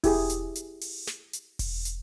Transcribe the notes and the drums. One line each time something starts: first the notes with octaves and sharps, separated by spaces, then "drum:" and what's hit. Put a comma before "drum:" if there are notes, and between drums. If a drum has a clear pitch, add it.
E4 G4 G#4, drum: kick E1, open hi-hat
drum: hi-hat
drum: hi-hat
drum: open hi-hat
drum: snare
drum: hi-hat
drum: kick E1, open hi-hat
drum: hi-hat